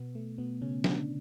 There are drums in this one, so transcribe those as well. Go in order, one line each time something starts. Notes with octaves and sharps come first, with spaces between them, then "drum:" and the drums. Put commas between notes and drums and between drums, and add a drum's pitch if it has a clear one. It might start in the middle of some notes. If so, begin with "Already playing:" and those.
Already playing: B2 B3
A3
B2 B3
C#3 C#4
D3 D4, drum: snare